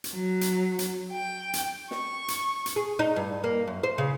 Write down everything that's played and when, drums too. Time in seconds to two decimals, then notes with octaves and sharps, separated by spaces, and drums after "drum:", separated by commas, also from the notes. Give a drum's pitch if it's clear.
0.04 drum: hi-hat
0.14 F#3
0.41 drum: hi-hat
0.79 drum: hi-hat
1.13 G5
1.53 drum: hi-hat
1.91 C#6, drum: snare
2.28 drum: hi-hat
2.66 drum: hi-hat
2.76 G#4
2.99 D#4
3.16 G2
3.44 A#3
3.68 F#2
3.83 C5
3.98 C#3